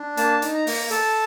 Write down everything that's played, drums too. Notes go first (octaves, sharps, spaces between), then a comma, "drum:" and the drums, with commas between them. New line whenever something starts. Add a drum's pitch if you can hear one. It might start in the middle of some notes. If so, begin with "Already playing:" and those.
Already playing: D4
A#3 A5, drum: hi-hat
D#4, drum: hi-hat
A#5
A#3, drum: open hi-hat
A4 A5, drum: hi-hat